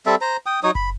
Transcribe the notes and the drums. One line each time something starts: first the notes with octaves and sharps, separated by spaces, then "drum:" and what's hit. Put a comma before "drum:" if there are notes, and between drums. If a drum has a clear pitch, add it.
G3 C4 A4 E5
C5 A#5
G5 D#6
F#3 D#4 C#5 D#6
B5, drum: kick F#1